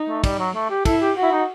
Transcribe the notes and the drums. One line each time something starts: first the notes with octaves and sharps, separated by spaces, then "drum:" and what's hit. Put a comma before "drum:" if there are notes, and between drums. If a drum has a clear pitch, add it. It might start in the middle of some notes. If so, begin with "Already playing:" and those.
Already playing: D#4
A3
G3, drum: kick, cymbal
F#3
A3
G4
E4 A4, drum: kick, cymbal
G4
F#4
E4
D#4